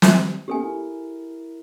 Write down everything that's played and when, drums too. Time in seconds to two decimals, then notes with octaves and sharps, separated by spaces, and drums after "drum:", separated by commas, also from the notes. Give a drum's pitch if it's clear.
0.02 D#3 G3, drum: snare
0.48 A#3 B3 C#4 G4 A4 G#5
0.60 E4 A#4